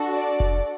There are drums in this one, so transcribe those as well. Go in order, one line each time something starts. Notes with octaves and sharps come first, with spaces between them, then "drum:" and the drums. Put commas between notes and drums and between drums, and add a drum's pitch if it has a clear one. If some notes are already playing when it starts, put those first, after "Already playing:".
Already playing: D4 F#4 A4
D5
drum: kick F1